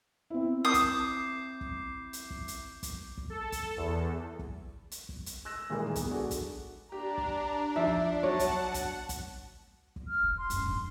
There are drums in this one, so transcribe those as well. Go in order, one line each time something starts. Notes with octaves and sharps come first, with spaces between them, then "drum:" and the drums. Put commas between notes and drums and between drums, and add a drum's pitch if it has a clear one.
C4 E4
D6 D#6 G6 C7
drum: kick, hi-hat
drum: kick
drum: hi-hat
drum: kick
drum: hi-hat
drum: kick, hi-hat
drum: kick
A4
drum: kick, hi-hat
E2
drum: kick
drum: hi-hat
drum: kick
drum: hi-hat
E6 F#6 A#6 E7
A#2 D#3 E3 G3 G#3 A#3
B3 G#4, drum: kick, hi-hat
G#3 D4 F#4 A4
drum: kick, hi-hat
D4 G4 A#5
drum: kick
F3 E5
drum: kick
F#3 C#5 F#5 A5
drum: kick, hi-hat
drum: kick, hi-hat
drum: kick, hi-hat
drum: kick
F6
F4
C6
D1 F#2, drum: hi-hat
E3 D4, drum: kick